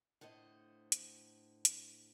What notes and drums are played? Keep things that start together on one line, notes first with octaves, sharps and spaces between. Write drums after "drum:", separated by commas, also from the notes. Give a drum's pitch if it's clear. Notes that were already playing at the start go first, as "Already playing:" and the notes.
A2 D3 C5 D#5
drum: hi-hat
drum: hi-hat